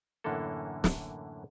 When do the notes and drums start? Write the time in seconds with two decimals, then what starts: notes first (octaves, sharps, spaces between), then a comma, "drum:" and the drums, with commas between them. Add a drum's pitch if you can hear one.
0.24 F#2 A2 D3 E3 A#3 A4
0.84 drum: snare